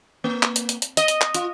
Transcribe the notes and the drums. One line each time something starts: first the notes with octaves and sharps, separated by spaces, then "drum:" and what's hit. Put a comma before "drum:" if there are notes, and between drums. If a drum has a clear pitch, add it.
A#3
drum: clap
drum: hi-hat
drum: hi-hat
drum: hi-hat
D#5, drum: hi-hat
drum: hi-hat
drum: clap
F4, drum: hi-hat